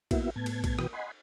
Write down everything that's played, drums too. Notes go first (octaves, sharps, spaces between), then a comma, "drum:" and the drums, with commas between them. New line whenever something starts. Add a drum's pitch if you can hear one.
A#3 B3 E4 F#4 E5, drum: kick, cymbal
A2 B3 A5 G#6
drum: cymbal
drum: kick, cymbal
B2 E3 F#4 B4 G5 D#6, drum: rim click
D#5 F#5 G#5 B5 C6